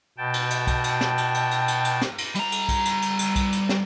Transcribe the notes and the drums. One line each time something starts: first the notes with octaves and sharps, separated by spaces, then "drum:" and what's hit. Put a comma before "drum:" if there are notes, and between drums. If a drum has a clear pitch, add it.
B2 G5 A5
drum: cymbal
drum: cymbal
drum: kick B1, cymbal
drum: cymbal
drum: snare
drum: cymbal
drum: cymbal
drum: cymbal
drum: cymbal
drum: cymbal
drum: snare
drum: cymbal
G3 A#5, drum: cymbal
drum: cymbal
drum: kick B1, cymbal
drum: cymbal
drum: cymbal
drum: cymbal
drum: kick B1, cymbal
drum: cymbal
drum: snare